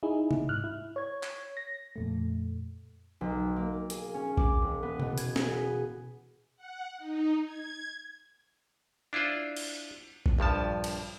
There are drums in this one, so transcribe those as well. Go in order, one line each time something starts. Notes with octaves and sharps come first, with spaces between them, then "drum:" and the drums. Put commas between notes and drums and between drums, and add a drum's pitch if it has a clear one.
D#4 E4 G#4
drum: tom C3
G#2 F6 F#6
E4
C#5 G#6
drum: clap
A#6
F2 A#2 A3
B1
A#3
G#4, drum: hi-hat
C#4
D6, drum: kick
E1
B3
B2, drum: tom C3
G#6, drum: hi-hat
G#4, drum: snare
B3
F#5
D#4
G#6
D4 E4 F4 C5 D5
drum: cymbal
drum: kick
A#1 G2 F3 A5
drum: cymbal